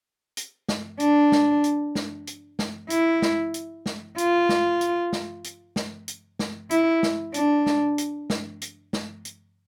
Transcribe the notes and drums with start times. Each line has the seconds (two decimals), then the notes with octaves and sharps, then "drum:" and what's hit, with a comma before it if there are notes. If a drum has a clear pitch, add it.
0.37 drum: hi-hat
0.69 drum: snare
1.00 D4, drum: hi-hat
1.32 drum: snare
1.64 drum: hi-hat
1.95 drum: snare
2.27 drum: hi-hat
2.59 drum: snare
2.90 E4, drum: hi-hat
3.22 drum: snare
3.54 drum: hi-hat
3.86 drum: snare
4.18 F4, drum: hi-hat
4.49 drum: snare
4.81 drum: hi-hat
5.13 drum: snare
5.44 drum: hi-hat
5.76 drum: snare
6.08 drum: hi-hat
6.39 drum: snare
6.71 E4, drum: hi-hat
7.03 drum: snare
7.34 D4, drum: hi-hat
7.66 drum: snare
7.98 drum: hi-hat
8.30 drum: snare
8.61 drum: hi-hat
8.93 drum: snare
9.25 drum: hi-hat